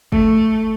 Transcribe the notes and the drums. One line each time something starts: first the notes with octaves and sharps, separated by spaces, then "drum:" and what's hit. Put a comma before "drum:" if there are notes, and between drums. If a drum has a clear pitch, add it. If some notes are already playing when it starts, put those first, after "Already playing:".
A3, drum: kick